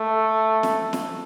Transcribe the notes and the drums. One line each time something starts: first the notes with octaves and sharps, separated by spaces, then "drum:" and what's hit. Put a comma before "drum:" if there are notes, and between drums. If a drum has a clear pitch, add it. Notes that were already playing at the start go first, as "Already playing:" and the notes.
Already playing: A3
drum: snare
drum: snare